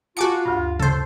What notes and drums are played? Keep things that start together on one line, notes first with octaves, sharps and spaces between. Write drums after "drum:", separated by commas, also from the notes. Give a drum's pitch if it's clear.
F4 F#4 F#5 G#5 A5 D6 C#7
D2 G2
A4 C5, drum: tom C3